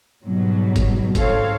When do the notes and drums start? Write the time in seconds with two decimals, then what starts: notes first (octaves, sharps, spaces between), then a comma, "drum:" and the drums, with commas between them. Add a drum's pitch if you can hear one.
0.23 G#2 B2 F#3 G3
0.76 drum: kick, hi-hat
1.15 G#2 C4 A4 C#5 F5, drum: kick, hi-hat